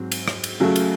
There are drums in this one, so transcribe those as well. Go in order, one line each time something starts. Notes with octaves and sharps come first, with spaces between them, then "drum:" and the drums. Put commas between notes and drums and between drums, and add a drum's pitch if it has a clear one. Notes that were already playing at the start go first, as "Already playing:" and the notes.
Already playing: G#2 F#3 C4
drum: cymbal
drum: rim click
drum: cymbal
C#2 C#3 F#3 A3
drum: cymbal